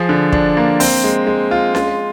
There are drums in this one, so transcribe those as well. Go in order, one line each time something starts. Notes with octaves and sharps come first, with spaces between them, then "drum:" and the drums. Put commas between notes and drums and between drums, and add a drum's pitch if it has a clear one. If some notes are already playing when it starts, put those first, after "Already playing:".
Already playing: F3 G#4
D3
D4, drum: kick
A#3
C4, drum: open hi-hat
G#3
G#3
F4
F4, drum: snare C#4